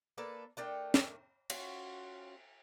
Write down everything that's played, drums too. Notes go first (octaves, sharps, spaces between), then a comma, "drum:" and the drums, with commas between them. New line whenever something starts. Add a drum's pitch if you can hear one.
A#3 D4 A4 B4
A3 D4 A#4 G5
drum: snare
C#4 F4 F#4, drum: cymbal